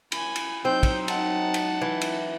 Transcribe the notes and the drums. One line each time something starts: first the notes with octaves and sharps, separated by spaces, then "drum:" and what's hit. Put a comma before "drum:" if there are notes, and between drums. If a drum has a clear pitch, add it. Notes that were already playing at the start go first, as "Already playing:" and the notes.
G#5 B5, drum: cymbal
drum: cymbal
F#3 C4 D#4 G6
drum: kick, cymbal
F#5 A5, drum: cymbal
drum: cymbal
E3
drum: cymbal